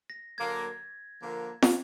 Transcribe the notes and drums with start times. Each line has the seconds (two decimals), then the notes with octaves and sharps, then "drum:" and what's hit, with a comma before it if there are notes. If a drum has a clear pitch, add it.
0.10 A#6
0.38 D3 F#3 A#3 G#6
1.22 D3 F3 A#3
1.62 drum: snare